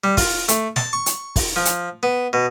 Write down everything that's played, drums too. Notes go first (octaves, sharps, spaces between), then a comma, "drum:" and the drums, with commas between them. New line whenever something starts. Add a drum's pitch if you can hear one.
G3
F4, drum: kick, open hi-hat
A3, drum: hi-hat
A5, drum: snare
C#6
drum: hi-hat
drum: kick, open hi-hat
F3
drum: hi-hat
B3
B2